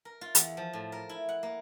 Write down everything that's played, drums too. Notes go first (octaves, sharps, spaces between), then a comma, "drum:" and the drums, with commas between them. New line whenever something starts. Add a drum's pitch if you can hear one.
A#4
F4
E2, drum: hi-hat
F3
A2
A#4
E4
F#5
A#3